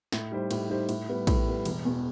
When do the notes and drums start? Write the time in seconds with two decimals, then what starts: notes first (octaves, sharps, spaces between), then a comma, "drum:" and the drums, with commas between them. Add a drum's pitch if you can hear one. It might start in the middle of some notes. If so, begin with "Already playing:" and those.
0.12 A2, drum: snare
0.32 G3 D#4 G4 C5
0.51 A2, drum: cymbal
0.69 G3 D#4 G4 C5
0.89 A2, drum: cymbal
1.08 G3 B3
1.27 A2, drum: kick A#1, cymbal
1.47 G3 B3
1.65 E1, drum: cymbal
1.85 E2 B2